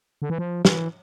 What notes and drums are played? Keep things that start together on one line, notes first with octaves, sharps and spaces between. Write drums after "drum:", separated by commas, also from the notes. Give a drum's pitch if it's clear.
D3
E3
F3
E3, drum: snare